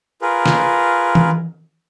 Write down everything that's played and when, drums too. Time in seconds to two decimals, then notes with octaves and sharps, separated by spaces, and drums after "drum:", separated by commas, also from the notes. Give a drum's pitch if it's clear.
0.22 F4 G#4 A#4 B4
0.46 drum: snare
1.15 drum: tom E3